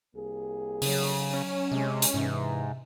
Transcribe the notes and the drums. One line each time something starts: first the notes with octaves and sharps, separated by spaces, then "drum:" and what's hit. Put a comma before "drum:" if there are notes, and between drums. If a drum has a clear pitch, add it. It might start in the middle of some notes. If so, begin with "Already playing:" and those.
C2 A#3 G#4
C#3 F#3, drum: open hi-hat
C#4
C3 G#3
drum: hi-hat
G#2 C3 E3